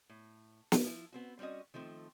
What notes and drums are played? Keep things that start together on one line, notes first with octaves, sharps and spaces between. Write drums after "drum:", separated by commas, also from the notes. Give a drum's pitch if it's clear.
A2
drum: snare
F3 E4
B3 C4 F#4
G3 C4 C#4 F#4 D#5
D#3 F3 A3 C4